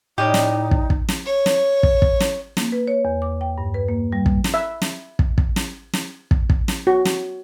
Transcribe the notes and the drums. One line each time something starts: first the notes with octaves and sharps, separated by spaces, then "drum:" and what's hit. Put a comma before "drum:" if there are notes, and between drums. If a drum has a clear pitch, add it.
A2 C#4 D#4 G4 D5 D#5
drum: snare
drum: kick
drum: kick
drum: snare
C#5
drum: snare
drum: kick
drum: kick
drum: snare
A#3, drum: snare
B4
C#5
E2
D6
G5
G2
B4
A#3
G3
drum: kick
drum: snare
E5
drum: snare
drum: kick
drum: kick
drum: snare
drum: snare
drum: kick
drum: kick
drum: snare
F#4
drum: snare